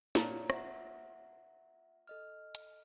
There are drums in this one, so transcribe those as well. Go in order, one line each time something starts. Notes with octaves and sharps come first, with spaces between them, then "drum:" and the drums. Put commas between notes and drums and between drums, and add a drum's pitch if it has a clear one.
A#2 C#5 D5 A5 A#5, drum: snare
E5 F#5, drum: rim click
A4 D#5 F6
drum: hi-hat